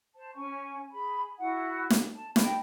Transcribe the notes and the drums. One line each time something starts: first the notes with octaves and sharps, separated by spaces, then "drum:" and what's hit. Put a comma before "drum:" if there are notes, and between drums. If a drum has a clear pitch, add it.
C5 A5
C#4 G#5 C#6
G#4 B5
E4 F#4 F#5
drum: snare
A5
D#5 G5 A5 B5, drum: snare